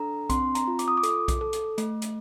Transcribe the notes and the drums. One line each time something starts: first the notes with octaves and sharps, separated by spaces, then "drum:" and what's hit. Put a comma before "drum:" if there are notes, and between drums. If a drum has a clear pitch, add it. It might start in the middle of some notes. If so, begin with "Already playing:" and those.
Already playing: D4 A4 A#5
C4 C6, drum: kick B1, hi-hat
A#5, drum: hi-hat
F4
D6, drum: hi-hat
D#6
D6
A4, drum: hi-hat
drum: kick B1, hi-hat
A4
drum: hi-hat
A3, drum: hi-hat
drum: hi-hat